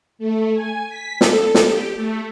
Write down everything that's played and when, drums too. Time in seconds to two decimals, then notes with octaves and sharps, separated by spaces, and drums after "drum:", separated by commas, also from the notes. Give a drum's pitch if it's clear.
0.19 A3
0.55 G#5
0.88 B6
1.21 A4, drum: snare
1.55 drum: snare
1.65 G4
1.96 A3